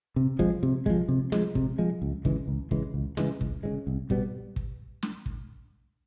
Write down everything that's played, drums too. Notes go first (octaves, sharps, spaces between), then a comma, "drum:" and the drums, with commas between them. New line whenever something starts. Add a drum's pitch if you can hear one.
C3
F3 G#3, drum: kick
C3
F3 G#3, drum: kick
C3
F3 G#3, drum: snare
C3, drum: kick
F3 G#3
C#2
C#3 E3 G#3, drum: kick
C#2
C#3 E3 G#3, drum: kick
C#2
C#3 E3 G#3, drum: snare
C#2, drum: kick
C#3 E3 G#3
C2
B2 G3 B3, drum: kick
drum: kick
drum: snare
drum: kick